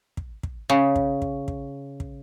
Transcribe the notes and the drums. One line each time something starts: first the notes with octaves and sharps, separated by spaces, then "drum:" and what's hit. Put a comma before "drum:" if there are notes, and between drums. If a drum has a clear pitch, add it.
drum: kick
drum: kick
C#3
drum: kick
drum: kick
drum: kick
drum: kick